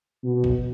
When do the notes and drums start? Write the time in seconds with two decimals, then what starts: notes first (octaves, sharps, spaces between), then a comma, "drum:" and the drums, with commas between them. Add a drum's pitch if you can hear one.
0.24 B2
0.44 drum: kick